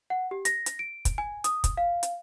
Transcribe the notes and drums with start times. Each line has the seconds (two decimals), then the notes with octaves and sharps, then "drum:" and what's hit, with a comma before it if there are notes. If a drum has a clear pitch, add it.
0.10 F#5
0.31 G4
0.45 A#6, drum: hi-hat
0.66 drum: hi-hat
0.79 D7
1.05 drum: kick, hi-hat
1.18 G#5
1.44 D#6, drum: hi-hat
1.64 drum: kick, hi-hat
1.77 F5
2.03 drum: hi-hat